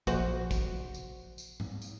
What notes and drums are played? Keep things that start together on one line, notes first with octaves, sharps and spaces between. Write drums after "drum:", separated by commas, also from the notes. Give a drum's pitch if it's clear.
A#1 F#4 C5, drum: kick, tambourine
drum: kick, tambourine
drum: tambourine
drum: tambourine
drum: tom G#2
drum: tambourine